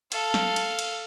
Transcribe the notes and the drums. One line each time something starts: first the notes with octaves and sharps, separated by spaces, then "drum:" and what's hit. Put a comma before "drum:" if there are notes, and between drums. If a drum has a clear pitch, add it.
A4 F5, drum: cymbal
drum: snare
drum: cymbal
drum: cymbal